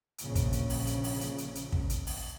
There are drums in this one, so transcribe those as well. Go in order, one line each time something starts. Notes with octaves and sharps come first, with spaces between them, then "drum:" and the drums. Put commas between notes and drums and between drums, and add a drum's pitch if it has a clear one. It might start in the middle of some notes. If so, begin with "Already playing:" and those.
A#1 C#3, drum: hi-hat
drum: kick, hi-hat
drum: hi-hat
drum: open hi-hat
drum: hi-hat
drum: open hi-hat
drum: hi-hat
drum: hi-hat
drum: hi-hat
drum: kick
drum: hi-hat
drum: open hi-hat